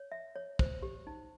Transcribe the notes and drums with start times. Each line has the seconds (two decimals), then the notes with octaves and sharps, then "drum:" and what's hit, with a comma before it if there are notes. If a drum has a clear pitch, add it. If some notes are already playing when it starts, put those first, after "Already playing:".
Already playing: C#5
0.12 E5
0.36 C#5
0.59 C5, drum: kick
0.83 G4
1.07 D#4